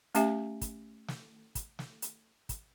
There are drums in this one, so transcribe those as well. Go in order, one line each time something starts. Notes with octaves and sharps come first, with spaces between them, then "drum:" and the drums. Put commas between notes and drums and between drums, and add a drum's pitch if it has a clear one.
A3 C#4 G4 E5 G#5, drum: hi-hat
drum: kick, hi-hat
drum: snare
drum: kick, hi-hat
drum: snare
drum: hi-hat
drum: kick, hi-hat